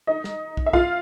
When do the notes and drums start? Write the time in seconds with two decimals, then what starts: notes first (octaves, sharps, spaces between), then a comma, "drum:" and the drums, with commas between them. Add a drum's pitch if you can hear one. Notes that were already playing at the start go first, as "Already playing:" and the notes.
0.07 D#4 D#5
0.24 drum: snare
0.57 drum: kick
0.66 E5
0.73 F4 F5, drum: kick